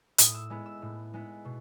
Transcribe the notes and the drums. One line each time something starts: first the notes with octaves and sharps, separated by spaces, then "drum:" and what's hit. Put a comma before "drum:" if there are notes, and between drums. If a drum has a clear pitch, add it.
A2 D#6, drum: hi-hat
E6
G#3 B3 E4
E6
A2
G#3 B3 E4
B2